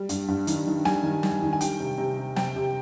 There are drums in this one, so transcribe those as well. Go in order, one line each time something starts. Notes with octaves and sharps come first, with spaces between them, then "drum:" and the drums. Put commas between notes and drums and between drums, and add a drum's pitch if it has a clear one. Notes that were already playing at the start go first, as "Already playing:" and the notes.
Already playing: G3
G2, drum: hi-hat
G2
D#3, drum: hi-hat
D#3
G3 G#5, drum: snare
D#3
G3, drum: snare
D#3
G#5
G3 G5, drum: hi-hat
C3
C3
C3
C3 G5, drum: snare
C3